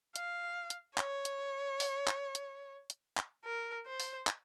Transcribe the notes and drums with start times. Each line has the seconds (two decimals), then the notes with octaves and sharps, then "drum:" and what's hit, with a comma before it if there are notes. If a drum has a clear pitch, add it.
0.16 F5, drum: hi-hat
0.70 drum: hi-hat
0.98 C#5, drum: clap
1.25 drum: hi-hat
1.80 drum: open hi-hat
2.07 drum: clap
2.35 drum: hi-hat
2.90 drum: hi-hat
3.17 drum: clap
3.45 A#4
3.86 C5
4.00 drum: open hi-hat
4.27 drum: clap